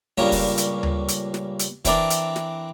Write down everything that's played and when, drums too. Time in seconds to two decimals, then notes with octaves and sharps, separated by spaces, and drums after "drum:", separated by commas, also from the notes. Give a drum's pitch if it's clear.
0.18 C#2 G2 A#2 A#3 C#4 A#4
0.32 drum: kick, open hi-hat
0.57 drum: hi-hat
0.83 drum: tom D2
1.08 drum: hi-hat
1.34 drum: snare
1.59 drum: hi-hat
1.85 E3 C4 D4 A#4 D5, drum: kick, hi-hat
2.10 drum: hi-hat
2.36 drum: snare